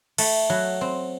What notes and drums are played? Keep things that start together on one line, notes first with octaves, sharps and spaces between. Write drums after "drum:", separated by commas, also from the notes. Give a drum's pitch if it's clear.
A3, drum: cymbal
F#3
C4